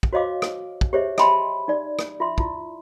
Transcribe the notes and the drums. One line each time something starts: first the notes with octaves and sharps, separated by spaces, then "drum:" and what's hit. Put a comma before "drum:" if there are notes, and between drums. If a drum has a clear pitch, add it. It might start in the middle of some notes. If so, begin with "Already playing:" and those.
drum: kick
F#4 C5 C#5 D#5 F5 D6
drum: rim click
drum: kick
G4 G#4 C5 C#5 D#5 E5
D#5 E5 G5 A5 B5 C6, drum: rim click
D#4 D5
drum: rim click
F4 E5 C6
E4 F4, drum: kick